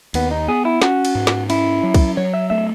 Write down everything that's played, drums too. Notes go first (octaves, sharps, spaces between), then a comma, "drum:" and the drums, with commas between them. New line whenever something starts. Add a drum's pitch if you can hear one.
D#2 B3, drum: cymbal
D#4
B3 G#4
E4
C#4 F#4, drum: snare
drum: cymbal
G#2
drum: snare
C#4 E4, drum: cymbal
F#3
drum: kick, cymbal
F#3 C#5
E5
A3 E5